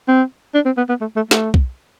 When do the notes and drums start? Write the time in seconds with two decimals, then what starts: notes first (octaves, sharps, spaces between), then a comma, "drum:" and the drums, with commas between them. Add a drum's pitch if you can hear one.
0.08 C4
0.54 D4
0.65 C4
0.77 B3
0.89 B3
1.01 A3
1.16 A3
1.31 A3, drum: snare
1.54 drum: kick B1